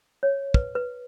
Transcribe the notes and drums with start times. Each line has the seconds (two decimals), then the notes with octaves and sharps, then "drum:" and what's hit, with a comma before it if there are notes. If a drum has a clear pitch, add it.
0.23 C#5
0.54 B4, drum: kick
0.75 B4